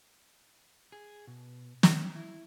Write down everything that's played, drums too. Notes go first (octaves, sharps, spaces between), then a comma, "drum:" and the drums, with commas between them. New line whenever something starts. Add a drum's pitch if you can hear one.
G#4
B2
C#4, drum: snare
E4